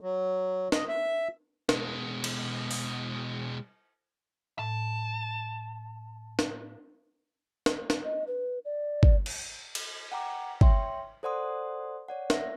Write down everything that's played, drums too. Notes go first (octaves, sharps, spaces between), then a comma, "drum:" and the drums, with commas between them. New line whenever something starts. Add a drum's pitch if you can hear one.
F#3
D#5, drum: snare
E5
B2 G#3, drum: snare
drum: cymbal
drum: open hi-hat
A2 A5
drum: snare
drum: snare
drum: snare
D#5
B4
D5
drum: kick
drum: cymbal
drum: cymbal
F#5 G5 A#5 D6
C#5 E5 G5 C6, drum: kick
A4 C5 D5 F#5 C6 D#6
C#5 D5 F#5
E5 A#6, drum: snare